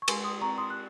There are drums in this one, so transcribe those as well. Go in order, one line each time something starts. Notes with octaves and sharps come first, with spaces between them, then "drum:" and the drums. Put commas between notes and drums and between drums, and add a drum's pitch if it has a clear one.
C#6
G#3 G#5 C6, drum: cymbal
C6 D#6
C4 A#5 C#6
C6 D#6
F#6